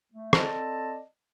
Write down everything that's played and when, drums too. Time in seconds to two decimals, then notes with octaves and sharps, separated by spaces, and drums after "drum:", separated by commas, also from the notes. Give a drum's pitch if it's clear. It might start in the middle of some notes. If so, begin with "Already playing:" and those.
0.13 A3
0.33 C4 A4 D5 D#5 A5, drum: rim click